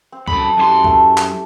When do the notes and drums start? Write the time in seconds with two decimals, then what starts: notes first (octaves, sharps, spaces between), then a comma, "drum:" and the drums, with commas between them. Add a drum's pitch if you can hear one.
0.12 C4
0.28 F#2 A4 A5 B5 D#6, drum: kick C#2
0.57 F#2 E4 G4 G#4 C6
0.84 A3, drum: kick C#2
1.17 drum: clap